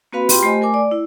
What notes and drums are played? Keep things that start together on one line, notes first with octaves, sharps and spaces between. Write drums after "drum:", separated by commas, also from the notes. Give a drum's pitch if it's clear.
A#3 C4 F#4 B4 F5 B5
F4 G4 G5 B5 C6, drum: open hi-hat
A3 G4 C5 D#5 G#5
A3 A#4 G#5 D6
D5
E4